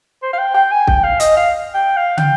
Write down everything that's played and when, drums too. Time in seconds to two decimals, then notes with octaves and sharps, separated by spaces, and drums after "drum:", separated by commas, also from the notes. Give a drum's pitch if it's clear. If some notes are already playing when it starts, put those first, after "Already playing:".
0.22 C5
0.33 F5
0.38 G5
0.54 G5
0.71 G#5
0.87 G5, drum: kick
1.03 F5
1.20 D#5, drum: hi-hat
1.37 F5
1.74 G5
1.97 F5
2.17 G5, drum: tom